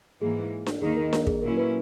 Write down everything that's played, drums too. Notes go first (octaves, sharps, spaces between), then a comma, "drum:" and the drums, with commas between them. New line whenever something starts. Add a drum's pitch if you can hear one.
G#2 E3 A#3 G#4
drum: snare D4
D#2 D#3 A#3 D#4 G#4
A#4
A#4, drum: snare D4
G#4, drum: kick
A#2 F#3 C#4 E4 A#4
B4